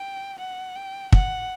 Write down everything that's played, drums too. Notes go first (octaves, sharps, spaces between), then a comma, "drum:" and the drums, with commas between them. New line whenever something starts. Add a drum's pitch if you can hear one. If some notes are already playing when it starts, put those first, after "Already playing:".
Already playing: G5
F#5
G5
F#5, drum: kick